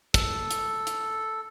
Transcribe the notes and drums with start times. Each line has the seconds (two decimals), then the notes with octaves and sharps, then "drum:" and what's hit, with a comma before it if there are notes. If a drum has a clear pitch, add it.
0.14 A4, drum: kick, hi-hat
0.51 drum: hi-hat
0.87 drum: hi-hat